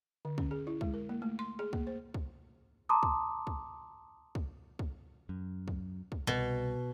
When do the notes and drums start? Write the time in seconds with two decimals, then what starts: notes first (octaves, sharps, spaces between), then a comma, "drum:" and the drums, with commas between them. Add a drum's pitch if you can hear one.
0.25 D3
0.38 C#4, drum: kick
0.51 G#4
0.67 E4
0.81 G#3, drum: kick
0.94 A#4
1.09 A#3
1.22 A3
1.39 C6
1.59 G#4
1.73 A#3, drum: kick
1.87 C5
2.14 drum: kick
2.89 A5 A#5 C6 D6 D#6
3.03 drum: kick
3.47 drum: kick
4.35 drum: kick
4.79 drum: kick
5.29 F#2
5.68 drum: kick
6.12 drum: kick
6.27 C2 B2